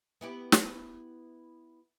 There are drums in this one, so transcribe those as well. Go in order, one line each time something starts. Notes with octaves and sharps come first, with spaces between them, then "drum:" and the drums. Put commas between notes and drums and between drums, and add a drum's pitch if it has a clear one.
B3 E4 G4
drum: snare